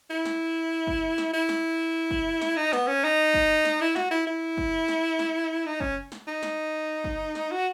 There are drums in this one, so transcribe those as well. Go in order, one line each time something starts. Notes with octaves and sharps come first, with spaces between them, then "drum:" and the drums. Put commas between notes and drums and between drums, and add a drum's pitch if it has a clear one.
E4
drum: snare
drum: kick
drum: snare
E4
drum: snare
drum: kick
drum: snare
D#4
B3, drum: snare
C#4
D#4
drum: kick
drum: snare
E4
F#4, drum: snare
E4
E4
drum: kick
drum: snare
drum: snare
D#4
C#4, drum: kick
drum: snare
D#4
drum: snare
drum: kick
drum: snare
F#4